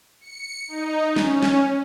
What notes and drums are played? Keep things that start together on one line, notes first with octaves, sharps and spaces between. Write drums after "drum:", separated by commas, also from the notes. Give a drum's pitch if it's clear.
C#7
D#4
C#4, drum: snare
drum: snare